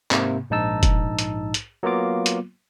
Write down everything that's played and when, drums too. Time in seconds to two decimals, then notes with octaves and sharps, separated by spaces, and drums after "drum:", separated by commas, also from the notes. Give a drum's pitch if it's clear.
0.11 G#2 C3 A#3, drum: clap
0.50 A#1 G#2 D#4 A5 E6
0.83 drum: kick F1, hi-hat
1.19 drum: hi-hat
1.54 drum: hi-hat
1.83 F#3 A#3 B3 F4 D6
2.26 drum: hi-hat